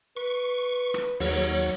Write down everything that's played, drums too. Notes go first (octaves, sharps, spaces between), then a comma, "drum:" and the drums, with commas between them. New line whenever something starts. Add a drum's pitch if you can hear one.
B4 C#6
drum: rim click
D#2 F#3 C#5, drum: open hi-hat